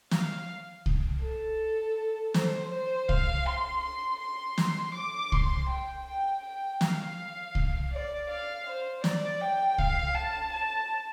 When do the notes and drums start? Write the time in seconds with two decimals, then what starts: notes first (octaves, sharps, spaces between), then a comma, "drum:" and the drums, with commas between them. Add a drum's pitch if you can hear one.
0.11 F5, drum: snare
0.86 drum: kick C2
1.23 A4
2.34 C5, drum: snare
2.72 C5
3.09 F5, drum: kick C2
3.46 C6
3.83 C6
4.20 C6
4.58 drum: snare
4.95 D6
5.32 C6, drum: kick C2
5.69 G5
6.06 G5
6.43 G5
6.81 F5, drum: snare
7.55 drum: kick C2
7.92 D5
8.29 F5
8.67 C5
9.04 D5, drum: snare
9.41 G5
9.78 F5, drum: kick C2
10.15 A5
10.52 A5